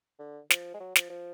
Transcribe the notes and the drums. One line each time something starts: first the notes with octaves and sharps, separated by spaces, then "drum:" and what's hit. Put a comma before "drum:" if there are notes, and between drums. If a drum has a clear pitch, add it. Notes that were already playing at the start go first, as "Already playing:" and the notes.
D3
F3, drum: snare
G#3
F#3
F3, drum: snare
F3